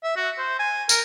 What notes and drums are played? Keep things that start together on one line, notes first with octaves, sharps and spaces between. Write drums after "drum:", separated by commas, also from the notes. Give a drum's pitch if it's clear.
E5
F#4
C5
G#5
A#4, drum: tambourine